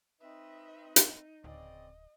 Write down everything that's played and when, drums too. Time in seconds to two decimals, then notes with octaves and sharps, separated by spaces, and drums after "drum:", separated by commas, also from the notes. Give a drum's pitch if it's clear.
0.21 C4 D#4 B4 D#5 E5
0.96 drum: hi-hat
1.44 D1 C#3 C4 D5 D#5